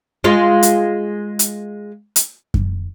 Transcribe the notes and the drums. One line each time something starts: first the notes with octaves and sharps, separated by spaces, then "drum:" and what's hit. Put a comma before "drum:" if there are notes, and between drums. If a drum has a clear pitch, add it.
G#3 F4
drum: hi-hat
drum: hi-hat
drum: hi-hat
drum: kick F#2